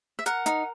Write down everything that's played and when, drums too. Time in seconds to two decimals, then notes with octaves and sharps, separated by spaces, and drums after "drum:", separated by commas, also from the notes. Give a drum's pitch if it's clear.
0.19 E5
0.26 A#4 F#5, drum: hi-hat
0.46 D#4, drum: hi-hat